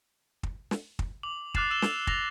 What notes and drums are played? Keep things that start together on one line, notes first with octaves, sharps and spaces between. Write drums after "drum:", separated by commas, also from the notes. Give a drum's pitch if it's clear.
drum: kick
drum: snare
drum: kick
D6 F#7
D6 F6 F#6 A6 C7 E7, drum: kick
E6 E7 F#7 G7
drum: snare
A6 A#6 F7, drum: kick